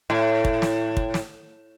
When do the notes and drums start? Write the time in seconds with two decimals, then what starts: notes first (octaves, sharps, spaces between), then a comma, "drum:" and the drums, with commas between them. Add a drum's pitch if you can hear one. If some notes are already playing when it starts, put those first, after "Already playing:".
0.10 A2
0.45 drum: kick
0.62 drum: snare
0.97 drum: kick
1.14 drum: snare